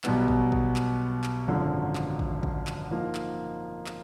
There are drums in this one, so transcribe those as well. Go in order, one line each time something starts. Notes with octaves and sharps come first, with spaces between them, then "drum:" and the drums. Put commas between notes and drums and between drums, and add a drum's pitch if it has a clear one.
B1 B2 G3 B3, drum: clap
drum: kick
drum: kick
drum: clap
drum: clap
G#1 F#2 D3 F3
drum: clap
drum: kick
drum: kick
drum: clap
F3 A#3 D#4
drum: clap
drum: clap